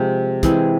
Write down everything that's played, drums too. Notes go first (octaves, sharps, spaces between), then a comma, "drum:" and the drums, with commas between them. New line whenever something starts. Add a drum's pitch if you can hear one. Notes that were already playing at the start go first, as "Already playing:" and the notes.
Already playing: C3 F3 G#3
E3 G#3 C4 G#4, drum: kick, hi-hat